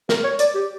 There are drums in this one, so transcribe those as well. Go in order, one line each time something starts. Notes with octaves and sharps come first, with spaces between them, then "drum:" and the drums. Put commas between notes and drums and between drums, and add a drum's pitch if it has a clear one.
A#4, drum: snare
C#5
D5, drum: hi-hat
G4